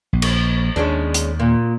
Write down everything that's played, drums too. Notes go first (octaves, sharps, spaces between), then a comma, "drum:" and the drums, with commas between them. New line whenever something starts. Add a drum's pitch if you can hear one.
A#1
drum: cymbal
D#2 G#3 C#4 D4
drum: hi-hat
A#2